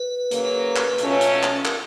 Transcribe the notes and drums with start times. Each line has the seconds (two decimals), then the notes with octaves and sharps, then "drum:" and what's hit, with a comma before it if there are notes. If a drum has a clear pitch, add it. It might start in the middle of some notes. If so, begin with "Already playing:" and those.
Already playing: B4
0.31 C#3 F#3 A#3, drum: hi-hat
0.76 drum: clap
0.98 B2 F#3 A3 C#4 F4, drum: hi-hat
1.21 drum: hi-hat
1.43 drum: clap
1.65 A#4, drum: clap